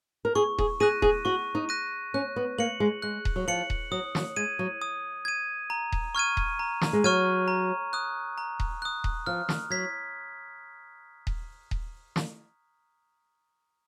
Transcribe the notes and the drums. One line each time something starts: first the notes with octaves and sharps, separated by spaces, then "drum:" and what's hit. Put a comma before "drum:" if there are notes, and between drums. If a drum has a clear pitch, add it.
A#4
G#4 C#6
G#4, drum: kick D#1
G#4 F#6 A#6 D#7
G#4, drum: kick D#1
F#4 C#6
D#4
F#6 A#6 D#7
C#4 F#6
B3
A#3 C#7 F#7
G#3
G#3 F#6
drum: kick D#1
F#3
F3 C#7 F#7
drum: kick D#1
F#3 D#6
F#3, drum: snare
G#3 G#6 D#7
F#3
D#6
G#6 D#7
A#5
drum: kick D#1
C#6 F6 G#6 D#7
drum: kick D#1
A#5
drum: snare
G#3
F#3 C#6 F6 G#6 D#7
A#5
D#6 F#6
A#5
drum: kick D#1
D#6 F#6
drum: kick D#1
F3 F6
drum: snare
F#3 G#6 B6
drum: kick D#1
drum: kick D#1
drum: snare